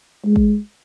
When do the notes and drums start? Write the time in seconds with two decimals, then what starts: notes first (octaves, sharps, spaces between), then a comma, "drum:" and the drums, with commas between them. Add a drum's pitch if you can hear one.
0.25 G#3
0.36 drum: kick